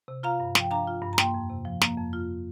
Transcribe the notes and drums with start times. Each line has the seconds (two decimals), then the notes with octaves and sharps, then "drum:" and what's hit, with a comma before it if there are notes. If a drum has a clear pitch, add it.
0.08 C3
0.23 F4 F5 A#5
0.40 G2
0.55 F3 G5, drum: snare
0.71 D4 F5 A#5
0.88 F4
1.02 G2
1.13 A#5
1.18 A#3 G5 C6, drum: snare
1.34 F2
1.49 C3
1.65 F3
1.81 A#3, drum: snare
1.98 F2
2.13 F4